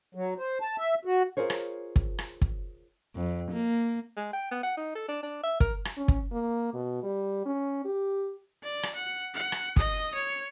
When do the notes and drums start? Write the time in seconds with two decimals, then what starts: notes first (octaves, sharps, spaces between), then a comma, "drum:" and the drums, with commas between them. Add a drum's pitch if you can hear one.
0.15 F#3
0.38 C5
0.61 A5
0.78 E5
1.05 F#4
1.37 F4 G#4 A#4 C5 C#5
1.50 drum: rim click
1.96 drum: kick
2.19 drum: rim click
2.41 drum: kick
3.15 F2
3.51 A#3
4.17 G#3
4.33 G5
4.51 B3
4.63 F#5
4.77 D#4
4.95 A4
5.08 D4
5.23 D4
5.44 E5
5.60 A#4, drum: kick
5.85 drum: rim click
5.97 C#4
6.08 drum: kick
6.32 A#3
6.74 B2
7.03 G3
7.46 C#4
7.85 G4
8.64 D5
8.83 drum: rim click
8.95 F#5
9.35 F#5
9.52 drum: rim click
9.76 D#5 D#6, drum: kick
10.15 C#5